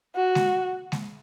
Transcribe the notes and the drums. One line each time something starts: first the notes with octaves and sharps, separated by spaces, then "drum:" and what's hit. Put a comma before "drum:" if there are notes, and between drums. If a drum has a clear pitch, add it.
F#4
drum: snare G#3
drum: snare G#3